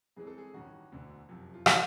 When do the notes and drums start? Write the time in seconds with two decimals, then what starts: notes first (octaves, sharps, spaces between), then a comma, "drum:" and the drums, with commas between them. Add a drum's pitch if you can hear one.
0.16 G2 E3 G#3 C4 G#4
0.27 A4
0.38 G#4
0.54 A1 G2 D#3 F#4
0.92 E1 D2 D3
1.29 F#1 F2 C3
1.54 F4
1.66 E3 F#4, drum: rim click